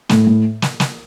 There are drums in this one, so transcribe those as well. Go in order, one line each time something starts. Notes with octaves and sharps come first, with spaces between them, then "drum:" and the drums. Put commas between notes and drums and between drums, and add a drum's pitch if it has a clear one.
A2, drum: snare
A2
drum: snare
drum: snare